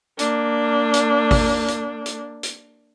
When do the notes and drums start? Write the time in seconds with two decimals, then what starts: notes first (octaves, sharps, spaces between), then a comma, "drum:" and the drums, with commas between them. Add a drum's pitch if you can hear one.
0.19 A#3 D4, drum: hi-hat
0.94 drum: hi-hat
1.31 drum: kick G#1, open hi-hat
1.68 drum: hi-hat
2.06 drum: hi-hat
2.43 drum: hi-hat